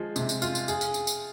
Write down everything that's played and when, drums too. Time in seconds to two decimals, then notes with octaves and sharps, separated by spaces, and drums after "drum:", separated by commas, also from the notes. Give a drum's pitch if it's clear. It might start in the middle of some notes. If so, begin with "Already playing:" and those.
Already playing: F3 G#3
0.16 C3, drum: tambourine
0.29 drum: tambourine
0.42 F4, drum: tambourine
0.55 drum: tambourine
0.68 G#4, drum: tambourine
0.81 drum: tambourine
0.94 drum: tambourine
1.07 drum: tambourine